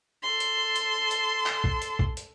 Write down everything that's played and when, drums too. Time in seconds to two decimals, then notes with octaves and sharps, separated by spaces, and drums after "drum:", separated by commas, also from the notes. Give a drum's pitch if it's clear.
0.23 A4 C6
0.40 drum: hi-hat
0.76 drum: hi-hat
1.11 drum: hi-hat
1.46 drum: clap
1.64 drum: kick B1
1.82 drum: hi-hat
1.99 drum: kick B1
2.17 drum: hi-hat